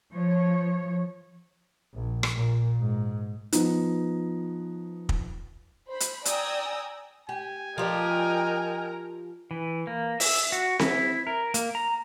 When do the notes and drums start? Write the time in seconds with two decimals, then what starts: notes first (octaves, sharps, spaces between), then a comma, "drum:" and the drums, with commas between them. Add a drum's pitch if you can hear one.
0.13 F3 C#5
1.94 A#1
2.23 drum: rim click
2.35 A#2
2.79 G#2
3.52 F3 B3 D#4, drum: hi-hat
5.09 drum: kick
5.90 C5 B5
6.00 drum: hi-hat
6.25 D5 G5 G#5 A#5 D#6 E6, drum: hi-hat
7.29 G4 G#5
7.78 F3 G4 A#4 D5 D#5 G5
9.51 E3
9.87 A#3
10.20 E5, drum: open hi-hat
10.52 F#4
10.79 E4, drum: snare C4
11.27 A#4
11.54 A#3, drum: hi-hat
11.75 A#5